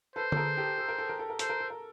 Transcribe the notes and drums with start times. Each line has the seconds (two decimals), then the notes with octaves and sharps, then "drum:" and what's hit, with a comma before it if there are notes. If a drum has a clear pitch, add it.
0.16 A4 B4 C5
0.32 A4, drum: tom D3
0.36 G#4 A#4
0.57 G4 A4
0.78 A4
0.89 A#4
0.98 A4
1.09 A#4
1.19 A4
1.30 A#4
1.39 A4 C5, drum: hi-hat
1.50 A#4
1.60 A4
1.70 A#4